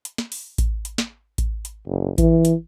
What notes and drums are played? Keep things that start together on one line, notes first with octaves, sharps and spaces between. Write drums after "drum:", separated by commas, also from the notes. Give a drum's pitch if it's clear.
drum: hi-hat
drum: snare
drum: open hi-hat
drum: kick A1, hi-hat
drum: hi-hat
drum: snare
drum: kick A1, hi-hat
drum: hi-hat
F#1
E3, drum: kick A1, hi-hat
drum: hi-hat